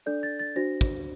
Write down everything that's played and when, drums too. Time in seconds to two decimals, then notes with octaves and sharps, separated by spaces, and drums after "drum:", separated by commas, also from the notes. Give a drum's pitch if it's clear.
0.06 D4 A4 D5 G6
0.23 A6
0.39 A6
0.56 D4 F#4 C5 A#6
0.81 drum: kick